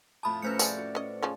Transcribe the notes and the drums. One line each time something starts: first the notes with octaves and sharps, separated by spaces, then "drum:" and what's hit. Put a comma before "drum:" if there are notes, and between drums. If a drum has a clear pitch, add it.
F2 A2 A5 B5 D#6
A3 C#4 B4 C5 G6 C#7
F3 G#4 D5, drum: tambourine
F#4
C#4 D#5
C#3 F3 C#4